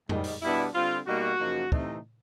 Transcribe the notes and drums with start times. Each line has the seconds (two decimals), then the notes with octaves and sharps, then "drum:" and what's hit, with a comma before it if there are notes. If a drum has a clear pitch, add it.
0.09 G#2 D#3 G3, drum: tom F2
0.24 drum: open hi-hat
0.42 B2 G3 B3 D4 E4
0.75 D3 G3 C4 F4
1.06 B2 G3 A#3 D#4 F#4
1.39 F#2 C#3 F3 A#3 D#4
1.72 C3 E3 A3 C4 D#4, drum: kick